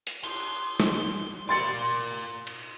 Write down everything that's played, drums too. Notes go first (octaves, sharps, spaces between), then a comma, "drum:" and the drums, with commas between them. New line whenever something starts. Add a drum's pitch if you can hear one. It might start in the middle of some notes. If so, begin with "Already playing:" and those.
drum: hi-hat
C6, drum: cymbal
drum: snare
A#4 D5 C6 A6 C#7
drum: cymbal